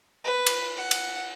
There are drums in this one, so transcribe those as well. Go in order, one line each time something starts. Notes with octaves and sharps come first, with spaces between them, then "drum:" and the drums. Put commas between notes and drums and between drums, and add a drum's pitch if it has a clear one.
B4
drum: cymbal
F#5
drum: cymbal